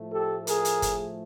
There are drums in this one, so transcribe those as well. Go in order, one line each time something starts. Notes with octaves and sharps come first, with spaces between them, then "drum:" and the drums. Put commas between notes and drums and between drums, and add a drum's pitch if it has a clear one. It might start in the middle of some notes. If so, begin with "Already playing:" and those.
Already playing: A2 F3 A3
G4 A4
G#4 A#4, drum: hi-hat
drum: hi-hat
drum: kick, hi-hat